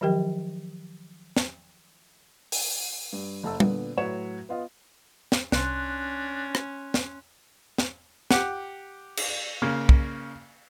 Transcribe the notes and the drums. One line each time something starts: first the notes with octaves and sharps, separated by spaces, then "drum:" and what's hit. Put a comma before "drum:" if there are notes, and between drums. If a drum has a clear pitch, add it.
D#3 F3 F#3 G4 A#4 G5
drum: snare
drum: open hi-hat
G2
F#1 A3 A5 E6
A#2 D3 B3, drum: tom
A2 F#3 B4 C#5 E7
B3 F4 D#5
drum: snare
C2 C#4 D4 C6 F#6, drum: snare
drum: rim click
drum: snare
drum: snare
G4 F#5, drum: snare
drum: cymbal
C#3 A#3
drum: kick